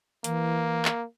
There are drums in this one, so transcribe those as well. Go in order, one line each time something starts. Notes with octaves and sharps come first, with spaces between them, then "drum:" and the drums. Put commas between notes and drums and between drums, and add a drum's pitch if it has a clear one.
E3 A#3, drum: hi-hat
drum: clap